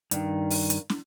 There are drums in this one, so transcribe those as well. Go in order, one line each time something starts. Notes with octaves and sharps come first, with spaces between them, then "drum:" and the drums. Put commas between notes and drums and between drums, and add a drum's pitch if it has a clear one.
G2 D#3, drum: hi-hat
drum: open hi-hat
drum: hi-hat
drum: snare